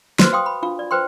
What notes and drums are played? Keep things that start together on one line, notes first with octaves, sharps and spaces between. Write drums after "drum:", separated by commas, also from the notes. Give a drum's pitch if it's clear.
F#4 B4 C5 C6, drum: snare
F5 G5 C6 D#6
B5
D4 F4 F5
D5
B4 C5 G5 C6